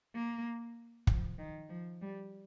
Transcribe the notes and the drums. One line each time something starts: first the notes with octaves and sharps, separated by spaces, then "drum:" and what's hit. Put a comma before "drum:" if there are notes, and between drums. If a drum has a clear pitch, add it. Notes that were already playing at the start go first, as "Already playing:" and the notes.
A#3
F3, drum: kick
D#3
F3
G3